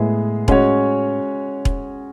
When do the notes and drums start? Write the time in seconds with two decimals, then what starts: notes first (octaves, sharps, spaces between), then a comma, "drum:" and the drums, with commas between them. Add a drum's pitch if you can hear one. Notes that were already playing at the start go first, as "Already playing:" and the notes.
Already playing: A2 G#3 B3 E4 G#4
0.48 G#3 C#4 F#4 C#5, drum: kick E1
1.65 drum: kick E1